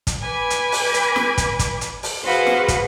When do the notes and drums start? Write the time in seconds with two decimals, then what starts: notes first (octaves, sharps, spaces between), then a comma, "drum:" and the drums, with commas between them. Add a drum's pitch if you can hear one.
0.07 drum: kick, hi-hat
0.22 B4 G#5 B5 D6
0.50 drum: hi-hat
0.72 drum: open hi-hat
0.94 drum: hi-hat
1.16 drum: snare
1.38 drum: kick, hi-hat
1.59 drum: kick, hi-hat
1.81 drum: hi-hat
2.03 drum: open hi-hat
2.25 F#4 G#4 B4 C5 F5 F#5
2.47 drum: snare
2.68 drum: kick, hi-hat